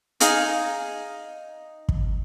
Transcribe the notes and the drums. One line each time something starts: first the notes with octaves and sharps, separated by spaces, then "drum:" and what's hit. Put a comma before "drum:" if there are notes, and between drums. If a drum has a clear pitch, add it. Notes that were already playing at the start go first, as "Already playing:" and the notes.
D#4 G#4 F5 G#5, drum: hi-hat
drum: kick